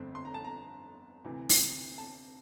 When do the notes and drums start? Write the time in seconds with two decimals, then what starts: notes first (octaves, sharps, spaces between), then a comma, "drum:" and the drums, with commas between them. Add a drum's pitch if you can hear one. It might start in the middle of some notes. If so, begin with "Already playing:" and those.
Already playing: G1 F2 D3 A3 C4
0.15 C6
0.25 A#5
0.34 A5
0.45 A#5
1.25 D2 C3 E3
1.49 drum: open hi-hat
1.98 A5